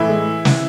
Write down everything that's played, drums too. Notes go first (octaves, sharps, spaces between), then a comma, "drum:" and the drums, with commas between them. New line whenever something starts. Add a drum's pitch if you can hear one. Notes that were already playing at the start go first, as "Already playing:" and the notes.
Already playing: A2 E3 E4
G#3
drum: snare